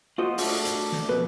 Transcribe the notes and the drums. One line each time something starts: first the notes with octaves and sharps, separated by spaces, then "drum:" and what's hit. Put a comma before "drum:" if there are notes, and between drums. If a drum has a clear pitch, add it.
F4 F#4 C5 D#5
A3 D4, drum: open hi-hat
drum: hi-hat
drum: snare
F2 B2 B4